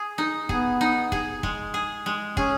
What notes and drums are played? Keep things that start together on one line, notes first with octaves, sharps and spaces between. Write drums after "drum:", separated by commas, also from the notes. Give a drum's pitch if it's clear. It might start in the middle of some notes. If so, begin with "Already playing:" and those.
Already playing: G#4
D#4
B3 G#4, drum: kick
D#4
G#4, drum: kick
G#3, drum: kick
G#4
G#3
C#4 G#4, drum: kick